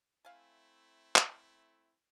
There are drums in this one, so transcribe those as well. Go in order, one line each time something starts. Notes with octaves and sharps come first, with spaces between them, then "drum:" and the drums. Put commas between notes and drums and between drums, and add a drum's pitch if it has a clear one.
A3 C4 E4 F5 G#5
drum: clap